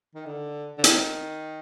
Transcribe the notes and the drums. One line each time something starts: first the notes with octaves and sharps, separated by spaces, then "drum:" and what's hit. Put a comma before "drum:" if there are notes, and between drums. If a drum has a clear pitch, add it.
D#3
D3
D3
D#3, drum: hi-hat